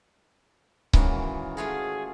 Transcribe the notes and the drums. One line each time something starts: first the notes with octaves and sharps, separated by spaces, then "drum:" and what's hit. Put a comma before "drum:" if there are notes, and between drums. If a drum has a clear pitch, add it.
G#2 D#3 E3 A#3 C#4 F#4, drum: kick C#1
A3 F4 F#4 G#4